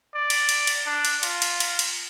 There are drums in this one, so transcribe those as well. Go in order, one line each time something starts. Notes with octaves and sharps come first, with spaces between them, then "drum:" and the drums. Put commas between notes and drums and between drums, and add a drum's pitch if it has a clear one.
D5
drum: cymbal
drum: cymbal
drum: cymbal
D4
drum: cymbal
F4, drum: cymbal
drum: cymbal
drum: cymbal
drum: cymbal